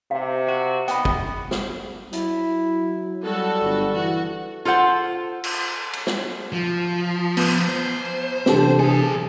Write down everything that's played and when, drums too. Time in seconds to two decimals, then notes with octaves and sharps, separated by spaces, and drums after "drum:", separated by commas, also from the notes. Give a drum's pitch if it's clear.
0.11 C3 F5
0.48 F#4
0.88 B3 D#4 G5 B5, drum: hi-hat
1.05 drum: kick
1.51 drum: snare
2.13 F#3 E4, drum: hi-hat
3.25 G3 F#4 A4
3.62 G1
3.94 E3 F#4
4.65 F4 A4 C5 F#5
5.44 drum: cymbal
5.93 drum: cymbal
6.07 drum: snare
6.52 F3
7.37 B3, drum: cymbal
7.69 C5
8.46 C3 E3 C4 D4 G4 A4, drum: snare
8.79 B1 G#4 A4